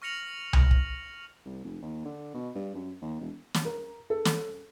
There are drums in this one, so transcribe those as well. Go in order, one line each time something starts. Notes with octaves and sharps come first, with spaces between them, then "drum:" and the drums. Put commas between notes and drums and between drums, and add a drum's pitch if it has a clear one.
C#6 F6 A#6 C#7 F7 F#7
drum: tom C2
drum: kick
C2
F1
D#2
D3
B2
G2
F#2
D#2
E1
drum: snare
A#4
A4
drum: snare